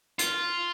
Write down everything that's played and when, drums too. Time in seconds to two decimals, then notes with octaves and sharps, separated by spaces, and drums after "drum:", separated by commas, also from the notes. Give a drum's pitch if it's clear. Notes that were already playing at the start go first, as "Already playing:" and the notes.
0.19 F4, drum: hi-hat